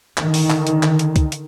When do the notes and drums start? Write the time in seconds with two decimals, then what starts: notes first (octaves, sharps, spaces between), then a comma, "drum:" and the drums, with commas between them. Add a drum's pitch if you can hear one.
0.18 D3 D#3, drum: clap
0.34 drum: open hi-hat
0.50 drum: clap
0.67 drum: hi-hat
0.83 drum: clap
0.99 drum: hi-hat
1.16 drum: kick, hi-hat
1.32 drum: hi-hat